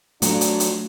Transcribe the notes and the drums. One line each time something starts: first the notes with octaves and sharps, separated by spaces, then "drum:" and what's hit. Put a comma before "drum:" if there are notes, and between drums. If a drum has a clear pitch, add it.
F#3 A3 D4 F4, drum: hi-hat
drum: hi-hat
drum: hi-hat